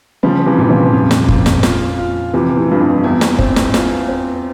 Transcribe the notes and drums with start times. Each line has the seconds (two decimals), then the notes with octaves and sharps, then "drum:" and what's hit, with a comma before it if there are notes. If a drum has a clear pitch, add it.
0.23 C#3 F3 G3
0.46 C3 E3
0.58 A#2 E3
0.69 C#3 F3
0.93 F2
1.11 drum: snare
1.29 F2, drum: kick
1.46 drum: snare
1.63 F4, drum: snare
1.98 F4
2.33 C3 E3 F3
2.57 C3 E3
2.68 G2 F3
2.81 F2
3.04 E2 E4
3.21 drum: snare
3.39 C4, drum: kick
3.56 drum: snare
3.74 F4, drum: snare
4.09 C4